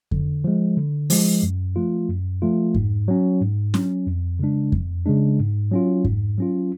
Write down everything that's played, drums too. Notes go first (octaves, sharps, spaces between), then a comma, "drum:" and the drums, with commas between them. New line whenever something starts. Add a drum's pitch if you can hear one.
D3, drum: kick F2
F3 G#3
D3
F3 G#3, drum: open hi-hat
F#2
F3 A3 F4
F#2
F3 A3 F4
G#2, drum: kick F2
F#3 C#4
G#2
F#3 C#4, drum: snare
F2
C#3 G#3 D4
F2, drum: kick F2
C#3 G#3 D4
G#2
F#3 C#4 F4
G#2, drum: kick F2
F#3 C#4 F4